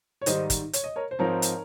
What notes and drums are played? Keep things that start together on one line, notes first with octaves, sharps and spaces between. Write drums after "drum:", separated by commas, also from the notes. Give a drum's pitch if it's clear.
C#5
G#2 D#3 G3 C5 D#5, drum: hi-hat
drum: kick, hi-hat
C#5, drum: hi-hat
D#5
A#4 C#5
C5
G#2 F3 C4 D#4 A#4 C#5
drum: hi-hat